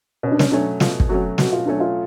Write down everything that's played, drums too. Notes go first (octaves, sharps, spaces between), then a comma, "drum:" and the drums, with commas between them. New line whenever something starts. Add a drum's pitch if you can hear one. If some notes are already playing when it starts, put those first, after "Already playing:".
B2 C#4
D4
C#4, drum: snare
F#3 A3 C#4 D4
B2 F4, drum: snare
drum: kick
F#3 A3 C#4 F#4
B2 F#4, drum: snare
F4
F#3 A3 C#4 D4
F4